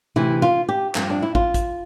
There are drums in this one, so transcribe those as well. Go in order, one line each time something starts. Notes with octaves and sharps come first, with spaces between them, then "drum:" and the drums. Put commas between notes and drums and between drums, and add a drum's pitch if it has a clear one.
D2 C3 E3 E4
F4
G4
G2 F3 C4, drum: clap
D4
E4
F4, drum: kick
drum: kick, hi-hat